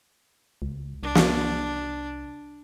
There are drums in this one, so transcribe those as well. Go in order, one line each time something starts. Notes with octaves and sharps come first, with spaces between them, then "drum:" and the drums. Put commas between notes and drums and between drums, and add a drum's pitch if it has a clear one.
C#2
C2 D4
drum: snare